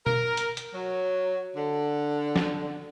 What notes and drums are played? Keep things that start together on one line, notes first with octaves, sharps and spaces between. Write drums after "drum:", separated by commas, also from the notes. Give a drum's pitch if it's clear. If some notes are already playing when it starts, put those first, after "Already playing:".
A#4, drum: tom B2
drum: hi-hat
drum: hi-hat
F#3
D3
drum: snare